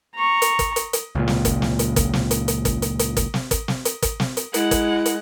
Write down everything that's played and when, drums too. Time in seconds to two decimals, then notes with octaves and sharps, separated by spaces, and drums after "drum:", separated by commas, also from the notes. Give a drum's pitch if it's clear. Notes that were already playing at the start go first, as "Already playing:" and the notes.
0.15 A#5 C#6
0.42 drum: hi-hat
0.59 drum: kick, hi-hat
0.76 drum: hi-hat
0.93 drum: hi-hat
1.15 C#2 A#2
1.28 drum: snare
1.45 drum: kick, hi-hat
1.62 drum: snare
1.79 drum: hi-hat
1.96 drum: kick, hi-hat
2.13 drum: snare
2.31 drum: hi-hat
2.48 drum: hi-hat
2.65 drum: kick, hi-hat
2.82 drum: hi-hat
2.99 drum: hi-hat
3.17 drum: kick, hi-hat
3.34 drum: snare
3.51 drum: kick, hi-hat
3.68 drum: snare
3.85 drum: hi-hat
4.02 drum: kick, hi-hat
4.20 drum: snare
4.37 drum: hi-hat
4.54 G#3 E4 F#5, drum: hi-hat
4.71 drum: kick, hi-hat
5.06 drum: hi-hat